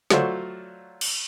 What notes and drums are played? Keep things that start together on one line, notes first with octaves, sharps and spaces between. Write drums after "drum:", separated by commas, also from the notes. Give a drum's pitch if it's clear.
F#3 A3 F4 F#4 C5 D5, drum: snare
drum: cymbal